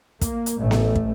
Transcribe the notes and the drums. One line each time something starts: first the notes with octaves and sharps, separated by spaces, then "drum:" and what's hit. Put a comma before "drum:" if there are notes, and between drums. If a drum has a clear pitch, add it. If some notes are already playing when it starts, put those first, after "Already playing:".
A#3, drum: kick, hi-hat
drum: hi-hat
A1 A3
drum: snare B3
drum: kick